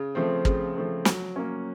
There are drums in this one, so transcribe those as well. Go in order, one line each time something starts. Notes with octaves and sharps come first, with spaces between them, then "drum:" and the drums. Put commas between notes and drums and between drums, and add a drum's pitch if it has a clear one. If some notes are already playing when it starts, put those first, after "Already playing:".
Already playing: C#3
F3 A3 C4
C#3, drum: kick
F3 A3 C4
F#3, drum: snare
A#3 C#4